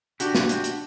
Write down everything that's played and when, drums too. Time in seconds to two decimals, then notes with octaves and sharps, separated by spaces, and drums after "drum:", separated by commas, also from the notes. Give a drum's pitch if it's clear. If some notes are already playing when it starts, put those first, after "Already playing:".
0.20 D4 F#4 G4, drum: hi-hat
0.35 drum: snare
0.49 drum: hi-hat
0.64 drum: hi-hat